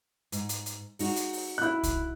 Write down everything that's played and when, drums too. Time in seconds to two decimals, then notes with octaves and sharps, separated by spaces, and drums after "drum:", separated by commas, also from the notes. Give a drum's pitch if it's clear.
0.32 G#2, drum: hi-hat
0.49 drum: hi-hat
0.66 drum: hi-hat
0.99 G#3 D#4 F#4, drum: open hi-hat
1.16 drum: hi-hat
1.33 drum: open hi-hat
1.58 E4 F#6
1.83 drum: kick C2, hi-hat